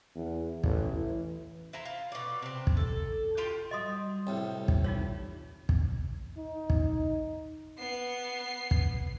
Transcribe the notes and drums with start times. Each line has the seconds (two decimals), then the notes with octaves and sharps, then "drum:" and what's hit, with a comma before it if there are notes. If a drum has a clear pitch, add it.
0.15 E2
0.64 A1, drum: kick
0.95 E3
1.73 E4 C5 A#5
1.85 F4
2.12 B2 D5
2.42 C3 C4
2.67 drum: kick
2.77 A4
3.37 F4 G4 G5
3.71 F#3 G3 D#5 C6 D#6
4.27 C2 A2
4.68 drum: kick
4.84 E3 D#4 F4 C#5
5.69 drum: kick
6.37 D#4
6.70 drum: kick
7.78 B3 C7
8.71 drum: kick